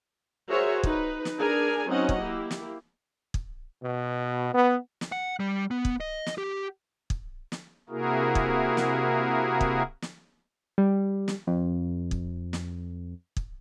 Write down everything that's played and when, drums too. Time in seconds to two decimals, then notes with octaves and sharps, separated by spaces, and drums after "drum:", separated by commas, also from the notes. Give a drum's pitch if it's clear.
0.49 F#4 G#4 A#4 C5 C#5 E5
0.83 D#4 B4, drum: kick
1.25 drum: snare
1.38 D4 G#4 A#4 G#5
1.89 F#3 C4 C#4 D#4 D#5 F#5
2.09 drum: kick
2.21 A#3 E4 G4
2.51 drum: snare
3.34 drum: kick
3.83 B2
4.54 B3
5.01 drum: snare
5.12 F#5
5.40 G3
5.71 B3
5.85 drum: kick
6.00 D#5
6.26 drum: snare
6.38 G4
7.10 drum: kick
7.52 drum: snare
7.89 C3 A#3 E4 F#4 G#4 A#4
8.35 drum: kick
8.77 drum: snare
9.61 drum: kick
10.02 drum: snare
10.78 G3
11.28 drum: snare
11.47 F2
12.11 drum: kick
12.53 drum: snare
13.37 drum: kick